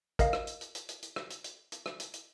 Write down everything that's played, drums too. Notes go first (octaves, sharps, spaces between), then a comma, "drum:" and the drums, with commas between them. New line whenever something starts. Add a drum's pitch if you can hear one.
A#4 D#5 F5, drum: kick, hi-hat
drum: rim click
drum: hi-hat
drum: hi-hat
drum: hi-hat
drum: hi-hat
drum: hi-hat
drum: rim click
drum: hi-hat
drum: hi-hat
drum: hi-hat
drum: rim click
drum: hi-hat
drum: hi-hat